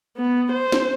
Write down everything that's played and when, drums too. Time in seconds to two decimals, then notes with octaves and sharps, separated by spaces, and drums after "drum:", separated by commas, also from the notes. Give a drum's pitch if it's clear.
0.17 B3
0.52 C5
0.72 drum: snare